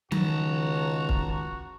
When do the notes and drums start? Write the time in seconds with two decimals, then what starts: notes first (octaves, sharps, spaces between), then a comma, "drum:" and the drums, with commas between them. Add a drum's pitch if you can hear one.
0.12 C#2 D#3 F#4 A5 A#5, drum: tom F3
1.09 drum: kick